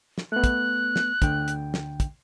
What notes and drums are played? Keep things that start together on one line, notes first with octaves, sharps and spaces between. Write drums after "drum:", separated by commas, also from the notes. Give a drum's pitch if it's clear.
drum: snare
A3 B3 F#6
drum: kick, hi-hat
drum: snare
D2 D3 G5, drum: kick, hi-hat
drum: hi-hat
drum: snare
drum: kick, hi-hat